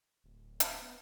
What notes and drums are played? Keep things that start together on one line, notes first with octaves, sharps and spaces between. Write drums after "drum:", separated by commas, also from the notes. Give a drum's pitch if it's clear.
D1
drum: hi-hat
B3